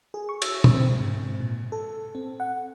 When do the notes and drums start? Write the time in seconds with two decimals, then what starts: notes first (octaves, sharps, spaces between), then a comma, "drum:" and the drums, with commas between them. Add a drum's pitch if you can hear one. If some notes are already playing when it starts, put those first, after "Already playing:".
0.14 G#4
0.29 C#6
0.42 E6, drum: cymbal
0.64 drum: tom
0.74 C4
1.00 G#2
1.41 A#2
1.72 A4
2.15 C4
2.40 F#5